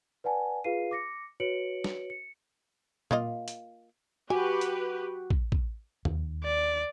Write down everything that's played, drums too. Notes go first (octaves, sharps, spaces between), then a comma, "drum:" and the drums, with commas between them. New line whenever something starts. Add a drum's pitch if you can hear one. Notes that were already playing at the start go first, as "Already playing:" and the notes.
B4 D5 F#5 G#5 A5
F4 G#4 B4 F5 C7 D#7
D6 A#6 C#7
F#4 B4 C#5 C#7 D7 F#7
drum: snare
C#7
A#3 F4 D#5, drum: tom A#2
drum: hi-hat
F#4 G4 B4 G#5
drum: hi-hat
drum: kick
drum: kick
D#2, drum: tom E2
D5